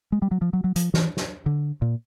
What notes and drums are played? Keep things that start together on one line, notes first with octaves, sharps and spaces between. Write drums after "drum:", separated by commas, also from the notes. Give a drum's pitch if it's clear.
G#3
G3
F#3
F3
F#3
F#3
F3, drum: hi-hat
E3, drum: snare
drum: snare
D3
A#2